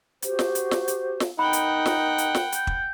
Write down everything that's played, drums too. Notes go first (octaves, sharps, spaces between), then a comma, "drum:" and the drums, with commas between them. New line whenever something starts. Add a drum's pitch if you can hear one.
F#4 G4 C5, drum: hi-hat
drum: snare
drum: hi-hat
drum: snare
drum: hi-hat
drum: snare
D#4 A#4 F#5 G5 B5
drum: hi-hat
drum: snare
drum: hi-hat
drum: snare
G6, drum: hi-hat
drum: kick